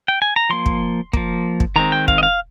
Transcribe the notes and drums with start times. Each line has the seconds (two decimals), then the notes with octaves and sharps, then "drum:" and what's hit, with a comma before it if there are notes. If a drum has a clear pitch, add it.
0.08 G5
0.22 G#5
0.36 A#5
0.50 F3 A#3 C6
0.66 drum: kick
1.13 F3 A#3, drum: kick
1.60 drum: kick
1.76 D#3 G#3 C4 A#5
1.92 G5
2.08 F5, drum: kick
2.18 D#5
2.23 F5